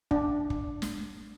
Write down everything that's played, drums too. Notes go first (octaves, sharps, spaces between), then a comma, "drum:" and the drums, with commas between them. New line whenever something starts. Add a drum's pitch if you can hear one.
D4, drum: kick
drum: kick
drum: snare